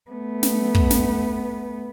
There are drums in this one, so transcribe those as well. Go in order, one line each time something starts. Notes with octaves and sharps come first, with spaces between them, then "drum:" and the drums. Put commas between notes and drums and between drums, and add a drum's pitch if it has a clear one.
A3 B3
drum: snare
drum: kick
drum: snare